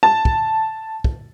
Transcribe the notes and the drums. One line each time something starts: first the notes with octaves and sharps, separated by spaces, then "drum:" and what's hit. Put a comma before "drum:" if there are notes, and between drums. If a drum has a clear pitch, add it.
A5
drum: kick
drum: kick